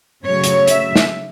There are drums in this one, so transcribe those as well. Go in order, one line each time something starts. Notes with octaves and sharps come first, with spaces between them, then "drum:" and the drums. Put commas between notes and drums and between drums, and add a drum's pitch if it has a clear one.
C#3 F#3 A3 C#5
drum: hi-hat
E5, drum: hi-hat
drum: snare